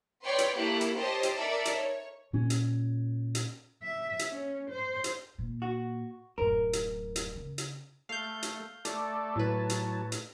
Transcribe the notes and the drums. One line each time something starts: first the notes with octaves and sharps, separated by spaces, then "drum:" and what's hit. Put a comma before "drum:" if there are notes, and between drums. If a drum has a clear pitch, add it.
B4 C#5 D5 G5 C6
drum: hi-hat
A3 A#3 E4 G4 A4 F#6
drum: hi-hat
G4 C5 C#5 D#5 A5
drum: hi-hat
D#4 A4 A#4 D5 E5
drum: hi-hat
C#5
A#2 C#4
drum: hi-hat
drum: hi-hat
E5
drum: hi-hat
C#4
C5
drum: hi-hat
A#2
F#4
D1 F#2 A#4
drum: hi-hat
drum: hi-hat
C#3
drum: hi-hat
A3 F5 G6
drum: hi-hat
A3 A4 D5, drum: hi-hat
A2 F#3 B4 A5
drum: hi-hat
drum: hi-hat